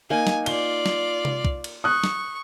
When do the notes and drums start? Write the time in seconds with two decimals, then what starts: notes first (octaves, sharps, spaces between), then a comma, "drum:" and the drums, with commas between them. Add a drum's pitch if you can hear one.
0.10 A#3 D#4 G#5
0.27 drum: snare
0.46 F4 D5 G7, drum: cymbal
0.86 drum: snare
1.25 drum: tom C3
1.45 drum: kick
1.64 drum: cymbal
1.84 C#6 D#6 F#6
2.04 drum: snare